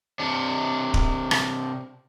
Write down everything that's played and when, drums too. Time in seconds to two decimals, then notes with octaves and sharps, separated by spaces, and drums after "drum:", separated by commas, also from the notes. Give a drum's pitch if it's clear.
0.19 C3 D4
0.94 drum: kick D1
1.31 drum: rim click